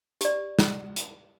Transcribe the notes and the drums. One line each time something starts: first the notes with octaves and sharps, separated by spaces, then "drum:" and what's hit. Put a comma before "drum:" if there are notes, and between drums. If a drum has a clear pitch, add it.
G4 D5, drum: hi-hat
drum: snare
drum: hi-hat